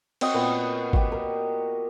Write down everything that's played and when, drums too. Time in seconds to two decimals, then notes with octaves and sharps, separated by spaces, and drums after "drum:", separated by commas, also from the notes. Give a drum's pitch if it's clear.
0.21 C4 F#4 C#5 D#5, drum: cymbal
0.34 A#2 B3
0.93 F#4 G4, drum: kick G#1
1.12 A#4